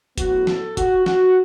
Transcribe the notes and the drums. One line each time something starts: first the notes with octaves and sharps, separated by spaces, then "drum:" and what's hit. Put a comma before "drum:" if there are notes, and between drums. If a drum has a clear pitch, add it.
A2 F#3 B3 F#4, drum: kick, hi-hat
A4, drum: snare
F#4, drum: kick, hi-hat
F#4, drum: snare